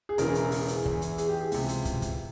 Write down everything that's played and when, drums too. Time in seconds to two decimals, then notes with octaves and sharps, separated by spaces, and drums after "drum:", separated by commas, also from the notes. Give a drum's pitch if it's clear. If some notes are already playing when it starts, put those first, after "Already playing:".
0.09 G#4
0.18 E1 E2 C#3 E3 A#4, drum: hi-hat
0.35 drum: hi-hat
0.52 G#4, drum: open hi-hat
0.68 drum: hi-hat
0.86 E2 E3, drum: kick
1.02 drum: hi-hat
1.18 G#4, drum: hi-hat
1.29 G4
1.40 G#4
1.52 C#2 C3 E3, drum: open hi-hat
1.69 drum: hi-hat
1.85 drum: kick, hi-hat
2.02 drum: kick, hi-hat